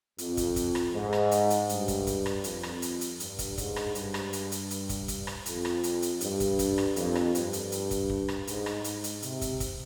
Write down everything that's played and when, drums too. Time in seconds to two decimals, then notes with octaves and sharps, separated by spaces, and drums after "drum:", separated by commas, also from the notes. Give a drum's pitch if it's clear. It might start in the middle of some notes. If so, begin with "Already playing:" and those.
0.18 F2, drum: hi-hat
0.37 drum: kick, hi-hat
0.56 drum: kick, hi-hat
0.75 drum: rim click
0.94 G#2
1.13 drum: rim click
1.31 drum: hi-hat
1.50 drum: hi-hat
1.69 G2, drum: hi-hat
1.88 drum: kick, hi-hat
2.07 drum: kick, hi-hat
2.26 drum: rim click
2.44 F2, drum: hi-hat
2.63 drum: rim click
2.82 drum: hi-hat
3.01 drum: hi-hat
3.20 G2, drum: hi-hat
3.39 drum: kick, hi-hat
3.58 G#2, drum: kick, hi-hat
3.76 drum: rim click
3.95 G2, drum: hi-hat
4.14 drum: rim click
4.33 drum: hi-hat
4.52 drum: hi-hat
4.70 drum: hi-hat
4.89 drum: kick, hi-hat
5.08 drum: kick, hi-hat
5.27 drum: rim click
5.46 F2, drum: hi-hat
5.65 drum: rim click
5.84 drum: hi-hat
6.02 drum: hi-hat
6.21 G2, drum: hi-hat
6.40 drum: kick, hi-hat
6.59 drum: kick, hi-hat
6.78 drum: rim click
6.96 F2, drum: hi-hat
7.15 drum: rim click
7.35 G2, drum: hi-hat
7.53 drum: hi-hat
7.72 drum: hi-hat
7.91 drum: kick, hi-hat
8.10 drum: kick
8.28 drum: rim click
8.47 G#2, drum: hi-hat
8.66 drum: rim click
8.84 G#2, drum: hi-hat
9.04 drum: hi-hat
9.22 C3, drum: hi-hat
9.41 drum: kick, hi-hat
9.60 drum: kick, hi-hat